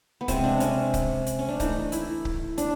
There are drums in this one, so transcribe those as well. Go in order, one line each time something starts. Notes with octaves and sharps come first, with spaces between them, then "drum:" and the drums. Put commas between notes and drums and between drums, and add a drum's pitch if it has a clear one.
B3
C3 F3 G#3 C4, drum: kick C#1, hi-hat
D4
C#4, drum: hi-hat
drum: kick C#1, hi-hat
drum: hi-hat
C#4
D4
E3 A3 D#4, drum: kick C#1, hi-hat
E4, drum: hi-hat
drum: kick C#1
D4, drum: hi-hat